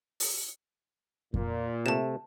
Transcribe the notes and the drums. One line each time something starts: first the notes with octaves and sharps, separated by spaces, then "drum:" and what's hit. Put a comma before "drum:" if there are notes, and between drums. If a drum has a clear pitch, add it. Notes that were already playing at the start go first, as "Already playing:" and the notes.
drum: open hi-hat
A#2, drum: kick F2
C3 A3 A5 E7